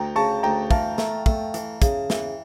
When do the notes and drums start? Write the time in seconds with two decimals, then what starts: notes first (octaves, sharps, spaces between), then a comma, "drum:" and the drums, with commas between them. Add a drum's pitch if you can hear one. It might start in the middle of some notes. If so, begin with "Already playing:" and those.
Already playing: D2 G5 A#5
0.16 C#3 A5 C#6
0.43 D2 G5 A#5
0.71 E3 F5 A5, drum: kick
0.98 A3, drum: snare
1.26 A3, drum: kick
1.54 E3, drum: hi-hat
1.82 C#3, drum: kick, hi-hat
2.10 E3, drum: snare